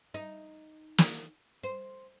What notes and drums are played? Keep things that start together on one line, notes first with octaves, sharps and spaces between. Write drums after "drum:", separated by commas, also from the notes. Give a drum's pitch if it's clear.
D#4
drum: snare
C5